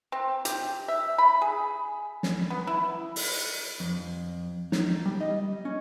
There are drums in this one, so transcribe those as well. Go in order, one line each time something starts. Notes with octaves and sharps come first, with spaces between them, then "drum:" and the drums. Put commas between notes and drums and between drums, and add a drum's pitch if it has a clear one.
C4
G4, drum: hi-hat
E5
B5
G#4
drum: snare
B3
E4
drum: open hi-hat
F2
D#4, drum: snare
G3
D#5
C#4